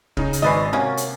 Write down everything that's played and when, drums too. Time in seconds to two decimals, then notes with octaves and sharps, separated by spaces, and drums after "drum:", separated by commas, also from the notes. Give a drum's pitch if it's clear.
0.17 C#3 D#4, drum: kick
0.33 drum: hi-hat
0.42 G#1 C#4 B4 D#5 A6 C7
0.73 C3 A#3 C#4 F#4
0.97 drum: hi-hat